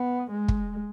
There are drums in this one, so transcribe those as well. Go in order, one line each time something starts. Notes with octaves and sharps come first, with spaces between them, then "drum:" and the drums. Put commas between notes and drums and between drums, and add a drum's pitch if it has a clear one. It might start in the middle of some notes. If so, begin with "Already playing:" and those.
Already playing: B3
G#3
drum: kick